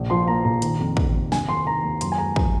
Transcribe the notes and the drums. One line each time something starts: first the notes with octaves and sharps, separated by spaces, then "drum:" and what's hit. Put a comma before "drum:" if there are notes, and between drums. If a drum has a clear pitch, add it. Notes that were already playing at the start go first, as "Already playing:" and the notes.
Already playing: A#1
F3 C6
A#3 A#5
A#1 A#5
D#3, drum: hi-hat
F2
F2, drum: kick
C3
D#2 G#5, drum: snare
D#2 C6
D#3 A#5
D#2
F#2 C6, drum: hi-hat
G#5
G#3 A#5
F3, drum: kick